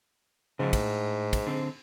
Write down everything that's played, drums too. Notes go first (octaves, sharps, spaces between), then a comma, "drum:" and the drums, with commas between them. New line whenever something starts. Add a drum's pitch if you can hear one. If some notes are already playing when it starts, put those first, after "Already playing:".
G#2 C#3 F3 F#3
A2, drum: kick, cymbal
drum: kick, cymbal
D3 C4